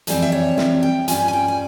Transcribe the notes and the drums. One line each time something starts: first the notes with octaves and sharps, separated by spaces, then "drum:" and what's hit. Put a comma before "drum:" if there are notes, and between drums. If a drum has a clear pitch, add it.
F2 E3 G3 C4 G#5, drum: hi-hat
E5
C#5
E5, drum: snare
G5
G2 G3 C#4 F4 G#5, drum: hi-hat
G#5
G5
G#5